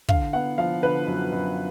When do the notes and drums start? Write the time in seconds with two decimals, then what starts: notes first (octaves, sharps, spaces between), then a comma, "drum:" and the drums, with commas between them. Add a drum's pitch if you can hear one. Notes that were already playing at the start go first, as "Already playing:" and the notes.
0.09 D3 F5, drum: kick
0.33 B3 F#5
0.58 F3 F5
0.82 D3 B4
1.07 F#2
1.32 F#2